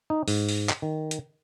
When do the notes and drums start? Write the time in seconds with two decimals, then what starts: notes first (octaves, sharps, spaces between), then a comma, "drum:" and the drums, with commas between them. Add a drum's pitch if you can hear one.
0.10 D#4
0.28 G#2, drum: open hi-hat
0.49 drum: open hi-hat
0.69 drum: clap
0.82 D#3
1.11 drum: hi-hat